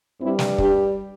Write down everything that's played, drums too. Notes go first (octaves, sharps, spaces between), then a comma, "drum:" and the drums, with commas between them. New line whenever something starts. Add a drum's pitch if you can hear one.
G2 G3 C4 E4
drum: snare
D4 G4, drum: kick